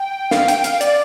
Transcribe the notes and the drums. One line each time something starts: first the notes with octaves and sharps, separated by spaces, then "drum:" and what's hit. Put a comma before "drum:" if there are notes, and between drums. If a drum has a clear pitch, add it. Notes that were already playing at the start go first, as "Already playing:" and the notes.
Already playing: G5
F5, drum: snare
G5, drum: hi-hat
F5, drum: hi-hat
D5, drum: hi-hat